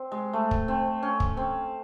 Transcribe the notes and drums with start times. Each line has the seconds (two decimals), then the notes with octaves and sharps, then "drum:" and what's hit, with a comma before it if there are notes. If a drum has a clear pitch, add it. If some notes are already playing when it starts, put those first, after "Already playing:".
Already playing: C4
0.12 G#3
0.33 A3
0.51 drum: kick
0.68 C4
1.03 C#4
1.20 drum: kick
1.37 C4